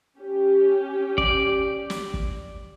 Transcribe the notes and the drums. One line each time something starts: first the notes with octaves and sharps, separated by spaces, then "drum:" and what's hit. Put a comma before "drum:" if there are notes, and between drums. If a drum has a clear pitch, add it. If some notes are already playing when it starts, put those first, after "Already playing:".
C#4 G4
D5, drum: kick
drum: snare
drum: kick